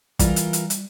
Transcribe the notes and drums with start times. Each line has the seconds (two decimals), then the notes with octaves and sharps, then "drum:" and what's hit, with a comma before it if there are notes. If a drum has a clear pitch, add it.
0.19 E3 G3 F4 A#4, drum: kick, hi-hat
0.36 drum: hi-hat
0.53 drum: hi-hat
0.70 drum: hi-hat